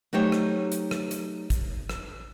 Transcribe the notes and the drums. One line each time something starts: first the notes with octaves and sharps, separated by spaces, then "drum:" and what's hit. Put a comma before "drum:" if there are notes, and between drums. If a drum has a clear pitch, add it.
F#3 A3 D#4 G4 C5 C#5
drum: rim click
drum: hi-hat
drum: rim click
drum: hi-hat
drum: kick, hi-hat
drum: rim click